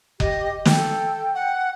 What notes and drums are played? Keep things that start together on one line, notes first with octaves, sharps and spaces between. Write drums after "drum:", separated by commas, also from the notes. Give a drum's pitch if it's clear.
G4 D#5, drum: kick F#1
A4 G5, drum: snare
F#5